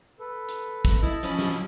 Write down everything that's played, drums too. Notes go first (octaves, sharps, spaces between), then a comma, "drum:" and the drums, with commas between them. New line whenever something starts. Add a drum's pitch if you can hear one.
A4 B4
drum: hi-hat
drum: kick, hi-hat
E4 D#5 A5 E6
F3 C#4 B5, drum: hi-hat
drum: snare